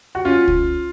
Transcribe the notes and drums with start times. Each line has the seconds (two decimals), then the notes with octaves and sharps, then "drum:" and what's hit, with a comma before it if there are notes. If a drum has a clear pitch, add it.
0.15 F#4
0.25 C#4 F4
0.48 drum: kick C#2